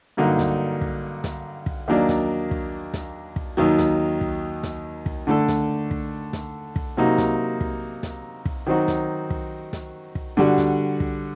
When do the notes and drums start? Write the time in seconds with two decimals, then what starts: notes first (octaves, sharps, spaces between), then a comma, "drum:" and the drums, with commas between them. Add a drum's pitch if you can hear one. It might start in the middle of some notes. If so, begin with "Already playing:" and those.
0.17 G2 D3 F#3 A#3 D#4
0.39 drum: snare
0.81 drum: kick
1.24 drum: snare
1.66 drum: kick
1.88 D#2 D#3 F#3 A#3 D4
2.09 drum: snare
2.51 drum: kick
2.94 drum: snare
3.36 drum: kick
3.57 D#2 D#3 F#3
3.79 drum: snare
4.21 drum: kick
4.63 drum: snare
5.06 drum: kick
5.27 D3 A3 D4 A4
5.48 drum: snare
5.91 drum: kick
6.33 drum: snare
6.76 drum: kick
6.97 C3 F#3 A#3 D#4 F#4
7.18 drum: snare
7.61 drum: kick
8.03 drum: snare
8.45 drum: kick
8.67 D#3 F#3 C4 D#4 F#4
8.88 drum: snare
9.30 drum: kick
9.73 drum: snare
10.15 drum: kick
10.37 D3 G3 D4 F#4
10.58 drum: snare
11.00 drum: kick